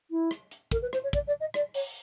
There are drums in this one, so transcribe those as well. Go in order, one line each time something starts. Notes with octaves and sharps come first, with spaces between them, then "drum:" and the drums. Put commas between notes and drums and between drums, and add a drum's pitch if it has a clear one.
E4
drum: rim click
drum: hi-hat
A#4, drum: kick, hi-hat
B4
C5, drum: rim click
C#5
D5, drum: kick, hi-hat
D5
D#5
D5, drum: rim click
C#5, drum: open hi-hat